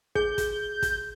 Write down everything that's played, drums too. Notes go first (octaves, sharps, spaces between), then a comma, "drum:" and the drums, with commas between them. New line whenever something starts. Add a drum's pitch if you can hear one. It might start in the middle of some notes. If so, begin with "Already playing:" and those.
G#4 G6, drum: kick
drum: kick, hi-hat
drum: kick, hi-hat